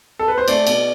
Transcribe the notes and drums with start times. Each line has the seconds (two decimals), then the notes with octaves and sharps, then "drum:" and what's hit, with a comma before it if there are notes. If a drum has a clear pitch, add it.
0.19 A4
0.28 B4
0.38 C5
0.48 A3 D5, drum: cymbal
0.67 B2, drum: cymbal